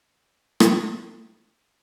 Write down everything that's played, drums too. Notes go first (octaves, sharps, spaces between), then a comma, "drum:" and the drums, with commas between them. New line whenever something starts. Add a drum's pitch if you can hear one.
F#3
G#3
drum: rim click
A#3
C4
D#4
C#4